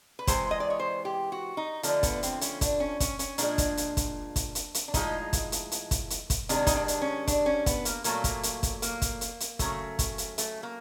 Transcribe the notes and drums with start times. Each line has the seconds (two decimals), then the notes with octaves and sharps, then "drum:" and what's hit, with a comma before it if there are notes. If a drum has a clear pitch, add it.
0.19 B4
0.27 C3 E3 G#3 C5, drum: kick, hi-hat
0.51 D#5
0.60 D5
0.70 C#5
0.80 C5
1.05 G4
1.32 F#4
1.57 D#4
1.83 D3 F3 A3 D4, drum: hi-hat
2.03 B3, drum: kick, hi-hat
2.23 C4, drum: hi-hat
2.41 C#4, drum: hi-hat
2.61 D4, drum: kick, hi-hat
2.80 C#4
3.00 C#4, drum: kick, hi-hat
3.19 C#4, drum: hi-hat
3.38 A#2 F3 G#3 D4, drum: hi-hat
3.58 drum: kick, hi-hat
3.77 drum: hi-hat
3.97 drum: kick, hi-hat
4.36 drum: kick, hi-hat
4.55 drum: hi-hat
4.74 drum: hi-hat
4.88 D4
4.94 A2 F3 G#3 D#4, drum: kick, hi-hat
5.33 drum: kick, hi-hat
5.52 drum: hi-hat
5.72 drum: hi-hat
5.91 drum: kick, hi-hat
6.10 drum: hi-hat
6.30 drum: kick, hi-hat
6.49 C3 D#3 G#3 D4, drum: hi-hat
6.67 D#4, drum: kick, hi-hat
6.76 D4
6.88 drum: hi-hat
7.02 C#4
7.27 D4, drum: kick, hi-hat
7.46 C#4
7.66 B3, drum: kick, hi-hat
7.85 A#3, drum: hi-hat
8.04 A#2 F#3 A3 A#3, drum: hi-hat
8.24 drum: kick, hi-hat
8.43 drum: hi-hat
8.63 drum: kick, hi-hat
8.82 A#3, drum: hi-hat
9.02 drum: kick, hi-hat
9.21 drum: hi-hat
9.40 drum: hi-hat
9.59 C#3 F#3 A3, drum: kick, hi-hat
9.99 drum: kick, hi-hat
10.18 drum: hi-hat
10.38 A3, drum: hi-hat
10.63 A#3